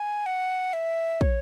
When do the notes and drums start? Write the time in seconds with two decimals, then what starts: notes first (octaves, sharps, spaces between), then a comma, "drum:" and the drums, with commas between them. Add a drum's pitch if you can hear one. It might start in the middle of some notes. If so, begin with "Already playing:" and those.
Already playing: G#5
0.26 F#5
0.73 E5
1.21 C#5, drum: kick